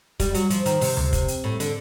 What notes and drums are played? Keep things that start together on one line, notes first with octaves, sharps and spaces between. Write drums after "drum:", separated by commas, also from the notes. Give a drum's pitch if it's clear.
G3, drum: kick, hi-hat
F#3, drum: hi-hat
F3, drum: hi-hat
D#3, drum: hi-hat
C3, drum: open hi-hat
drum: tom D2
drum: kick, hi-hat
drum: hi-hat
A2
D3, drum: hi-hat